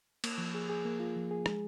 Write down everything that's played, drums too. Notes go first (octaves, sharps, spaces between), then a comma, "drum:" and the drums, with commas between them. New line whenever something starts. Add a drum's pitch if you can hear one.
A#3, drum: cymbal
F3
G#4
G#4
A#3
F4
F3
G#4
G#3, drum: rim click